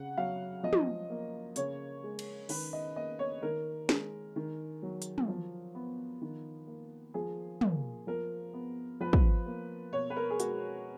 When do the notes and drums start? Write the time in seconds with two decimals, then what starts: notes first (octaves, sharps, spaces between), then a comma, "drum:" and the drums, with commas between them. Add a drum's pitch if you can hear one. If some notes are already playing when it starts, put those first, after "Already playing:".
Already playing: C#3 F#5
0.17 F#3 F5
0.63 F3 D#5
0.73 drum: tom
1.10 A#3
1.56 C#3 C#5, drum: hi-hat
2.04 G#3
2.19 drum: cymbal
2.49 D#3 B4, drum: open hi-hat
2.73 D#5
2.96 A#3 D#5
3.19 C#5
3.43 D#3 A#4
3.89 G#3, drum: snare
4.36 D#3
4.82 F#3
5.02 drum: hi-hat
5.18 drum: tom
5.28 F3
5.75 B3
6.22 D#3
6.67 A#3
7.14 F3 G#4
7.61 A#3, drum: tom
8.07 F3 A#4
8.53 B3
9.00 F3 B4
9.13 drum: kick
9.46 A#3
9.93 B2 C#5
10.10 B4
10.16 A#4
10.30 G#4
10.40 G#3 F#4, drum: hi-hat